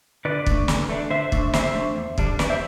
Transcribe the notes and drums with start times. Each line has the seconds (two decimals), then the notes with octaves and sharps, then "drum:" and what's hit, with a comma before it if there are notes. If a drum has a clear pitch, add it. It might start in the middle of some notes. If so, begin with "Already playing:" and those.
0.25 D3 B4 D5
0.46 A3 D4, drum: kick
0.68 D3, drum: snare
0.90 A3 D4
1.10 D3 C5 E5
1.32 A3 D4, drum: kick
1.53 D3 C5 E5, drum: snare
1.75 A3 D4
1.96 E2
2.18 D3 G3 D4, drum: kick
2.39 E2 B4 D5, drum: snare
2.50 C5 E5